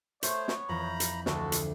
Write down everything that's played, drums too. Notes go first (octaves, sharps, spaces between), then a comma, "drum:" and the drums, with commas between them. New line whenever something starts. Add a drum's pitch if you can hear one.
A3 B3 C5 C#5, drum: hi-hat
drum: snare
F2 E3 A#5 B5 G6
drum: hi-hat
D2 G#3 A3 F#4 A4, drum: snare
drum: hi-hat